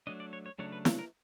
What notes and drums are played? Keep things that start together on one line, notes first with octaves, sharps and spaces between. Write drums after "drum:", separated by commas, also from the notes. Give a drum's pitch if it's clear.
F#3 A3 D4 D#5
D5
C#5
C#5
C#3 F#3 A3 D4 C#5
B4
A#4, drum: snare
A#4